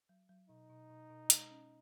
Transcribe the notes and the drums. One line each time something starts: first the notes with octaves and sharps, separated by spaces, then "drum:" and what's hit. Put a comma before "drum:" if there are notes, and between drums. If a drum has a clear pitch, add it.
F#3
F#3
B2 D#4
B2
B2
B2
G#3, drum: hi-hat
C#4